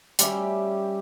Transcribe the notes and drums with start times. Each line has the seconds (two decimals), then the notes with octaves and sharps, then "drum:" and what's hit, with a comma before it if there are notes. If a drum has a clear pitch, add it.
0.19 G3 C#4 G4 E5, drum: hi-hat